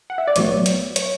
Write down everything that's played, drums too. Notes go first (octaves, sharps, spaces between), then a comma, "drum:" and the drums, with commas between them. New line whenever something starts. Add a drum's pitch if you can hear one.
F#5
E5
D5
B1 A2 F#3 B3 C#5, drum: hi-hat
drum: hi-hat
C#5, drum: hi-hat